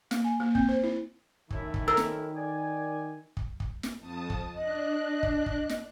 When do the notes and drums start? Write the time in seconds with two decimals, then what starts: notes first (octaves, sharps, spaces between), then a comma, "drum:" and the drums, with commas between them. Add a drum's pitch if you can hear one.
0.11 A#3, drum: snare
0.24 G#5
0.40 A#3
0.55 C4, drum: kick
0.69 C5
0.83 E4
1.51 F#2 D#3 A3 E4, drum: kick
1.74 drum: kick
1.88 A#4 E6
1.97 drum: snare
2.36 D5 G#5
3.37 drum: kick
3.60 drum: kick
3.83 drum: snare
4.00 F2 A5 D#6
4.30 drum: kick
4.55 D4 D#5 F#6
5.23 drum: kick
5.46 drum: kick
5.69 drum: snare